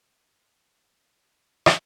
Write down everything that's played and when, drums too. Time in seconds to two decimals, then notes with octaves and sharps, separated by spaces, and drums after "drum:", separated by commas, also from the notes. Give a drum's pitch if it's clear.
0.11 E3 A3 C#4 E4
0.50 G#2
0.88 F3 A3 C#4
1.27 A2
1.66 drum: rim click